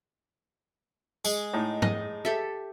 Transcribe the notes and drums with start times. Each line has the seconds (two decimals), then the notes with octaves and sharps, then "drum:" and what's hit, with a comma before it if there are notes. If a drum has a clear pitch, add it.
1.25 G#3, drum: tambourine
1.53 A2 D#4
1.82 D#5, drum: tom G#2
2.25 G4 A4 E5